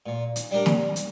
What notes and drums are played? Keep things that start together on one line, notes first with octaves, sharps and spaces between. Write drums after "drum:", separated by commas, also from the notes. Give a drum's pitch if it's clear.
A#2
drum: hi-hat
G3 D4 G4 A#4
drum: snare
drum: hi-hat